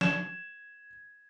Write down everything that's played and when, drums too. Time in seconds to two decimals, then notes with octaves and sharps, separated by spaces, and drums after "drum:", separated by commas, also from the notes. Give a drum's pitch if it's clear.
0.01 G#6 E7, drum: snare